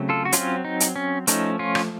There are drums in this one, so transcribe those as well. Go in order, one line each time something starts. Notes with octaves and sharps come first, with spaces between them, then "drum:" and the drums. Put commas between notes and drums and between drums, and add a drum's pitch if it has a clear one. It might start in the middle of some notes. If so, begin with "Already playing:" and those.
Already playing: C#3 F#3 A3 C4
F4 A4
F#4
F#3 C4 C#4 F4, drum: hi-hat
D#4
drum: hi-hat
C#4
F3 A3 C#4 D#4, drum: hi-hat
C#4 F4
drum: rim click